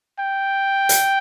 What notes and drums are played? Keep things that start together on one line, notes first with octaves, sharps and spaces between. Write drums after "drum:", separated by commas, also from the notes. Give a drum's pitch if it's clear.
G5
drum: hi-hat